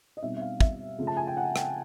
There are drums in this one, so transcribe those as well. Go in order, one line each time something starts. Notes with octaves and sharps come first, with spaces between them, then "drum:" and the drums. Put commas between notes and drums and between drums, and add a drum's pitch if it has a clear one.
D#5
B2 G3 C4 D#4 E5
E5
F5
E5, drum: kick
C#3 F3 A3
A5
G#5
G5
F#5
G5, drum: rim click